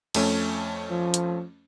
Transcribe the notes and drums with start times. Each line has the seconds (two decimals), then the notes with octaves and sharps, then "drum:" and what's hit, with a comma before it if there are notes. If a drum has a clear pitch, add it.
0.15 F2 A3 C#4, drum: cymbal
0.90 F3
1.14 drum: hi-hat